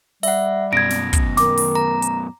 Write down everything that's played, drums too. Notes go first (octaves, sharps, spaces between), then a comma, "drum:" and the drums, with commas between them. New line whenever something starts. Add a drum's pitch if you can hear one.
G3 E5 F#5, drum: open hi-hat
F#2 B2 G#6 A#6 D7
drum: snare
drum: kick, hi-hat
D#3 D6, drum: snare
drum: open hi-hat
A#5
drum: hi-hat